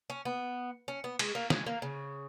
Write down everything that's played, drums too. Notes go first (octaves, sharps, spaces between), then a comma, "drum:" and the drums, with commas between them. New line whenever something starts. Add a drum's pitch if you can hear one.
C#4
B3
C#4
B3
G#3, drum: cymbal
A#3
G#3, drum: snare
A#3
C#3